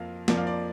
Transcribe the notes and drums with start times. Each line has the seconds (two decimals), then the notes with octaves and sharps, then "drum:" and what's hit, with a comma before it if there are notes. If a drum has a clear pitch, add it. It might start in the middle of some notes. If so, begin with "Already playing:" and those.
Already playing: F2 F3 A#3 F5
0.28 F2 F3 A#3 D5, drum: snare
0.37 F5
0.47 D5